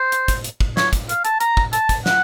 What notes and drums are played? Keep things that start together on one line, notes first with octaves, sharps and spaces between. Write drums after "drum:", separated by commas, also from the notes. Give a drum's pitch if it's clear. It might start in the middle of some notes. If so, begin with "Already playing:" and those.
Already playing: C5
drum: hi-hat
drum: kick, hi-hat
drum: hi-hat
drum: kick
C#5, drum: snare
drum: kick, hi-hat
F5, drum: hi-hat
A5, drum: hi-hat
A#5, drum: hi-hat
drum: kick
A5, drum: hi-hat
drum: kick, hi-hat
F#5, drum: snare